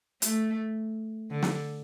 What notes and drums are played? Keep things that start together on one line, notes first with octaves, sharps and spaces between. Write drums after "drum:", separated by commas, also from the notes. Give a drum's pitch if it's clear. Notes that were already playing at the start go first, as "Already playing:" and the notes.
A3, drum: hi-hat
D3
drum: snare